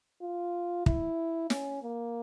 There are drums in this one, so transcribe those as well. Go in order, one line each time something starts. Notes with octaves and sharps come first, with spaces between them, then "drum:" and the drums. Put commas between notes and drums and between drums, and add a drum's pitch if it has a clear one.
F4
E4, drum: kick
C#4, drum: snare
A#3